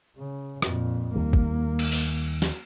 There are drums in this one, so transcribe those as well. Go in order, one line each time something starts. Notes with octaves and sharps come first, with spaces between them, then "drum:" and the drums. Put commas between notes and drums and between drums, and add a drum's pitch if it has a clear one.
C#3
F2 A#2, drum: rim click
D#2 D#3 G3 A#3
drum: kick G1
drum: cymbal
drum: open hi-hat
drum: snare